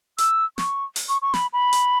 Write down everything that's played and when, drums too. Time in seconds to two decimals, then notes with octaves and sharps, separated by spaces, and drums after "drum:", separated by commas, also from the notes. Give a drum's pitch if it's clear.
0.18 E6, drum: hi-hat
0.58 C#6, drum: snare
0.96 drum: open hi-hat
1.09 C#6
1.22 C#6
1.34 B5, drum: snare
1.53 B5
1.73 drum: hi-hat